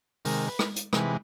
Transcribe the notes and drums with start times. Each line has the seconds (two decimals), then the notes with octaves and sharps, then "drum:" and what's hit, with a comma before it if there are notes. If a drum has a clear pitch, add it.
0.25 C3 D#3 G#3 A#4, drum: open hi-hat
0.48 B4
0.59 drum: rim click
0.76 drum: hi-hat
0.93 C3 E3 G#3 B4, drum: rim click